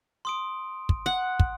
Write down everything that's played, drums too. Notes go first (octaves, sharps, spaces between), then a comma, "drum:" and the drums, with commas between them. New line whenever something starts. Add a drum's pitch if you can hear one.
C6 D#6 D7
drum: kick
F#5
drum: kick